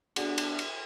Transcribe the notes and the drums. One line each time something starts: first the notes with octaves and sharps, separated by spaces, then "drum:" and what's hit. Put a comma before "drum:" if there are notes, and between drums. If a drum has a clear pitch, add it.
D3 G3 B3 D4 F#4 G#4, drum: cymbal
drum: cymbal
drum: cymbal